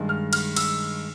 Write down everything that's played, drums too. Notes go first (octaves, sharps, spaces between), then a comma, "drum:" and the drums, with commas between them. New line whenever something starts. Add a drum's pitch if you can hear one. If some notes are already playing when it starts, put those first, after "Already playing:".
Already playing: G2 D#3 G#3
F6
F6, drum: cymbal
E6, drum: cymbal